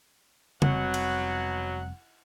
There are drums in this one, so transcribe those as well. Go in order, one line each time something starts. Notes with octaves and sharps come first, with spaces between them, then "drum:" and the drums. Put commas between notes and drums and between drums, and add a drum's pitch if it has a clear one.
F1 B2 F#3 G3 C4 F#5, drum: tom C#3
drum: cymbal